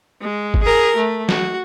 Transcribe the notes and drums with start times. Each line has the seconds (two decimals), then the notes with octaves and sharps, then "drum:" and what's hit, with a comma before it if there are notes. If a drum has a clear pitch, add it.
0.21 G#3
0.54 drum: kick
0.63 G#4 A#4
0.96 A3
1.29 F#4, drum: snare